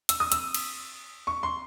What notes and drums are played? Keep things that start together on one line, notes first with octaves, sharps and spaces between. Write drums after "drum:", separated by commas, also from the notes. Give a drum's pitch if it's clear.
E6, drum: hi-hat
D#6
E6, drum: hi-hat
drum: cymbal
C#6
C6